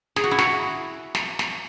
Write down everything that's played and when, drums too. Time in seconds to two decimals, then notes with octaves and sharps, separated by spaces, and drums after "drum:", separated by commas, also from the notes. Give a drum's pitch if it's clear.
0.16 G#4, drum: snare
0.24 F#4
0.31 E4
0.38 F#4, drum: snare
1.15 drum: snare
1.39 drum: snare